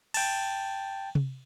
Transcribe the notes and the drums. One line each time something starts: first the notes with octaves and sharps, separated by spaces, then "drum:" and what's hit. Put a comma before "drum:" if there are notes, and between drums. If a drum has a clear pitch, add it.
G5 A5, drum: cymbal
drum: tom C3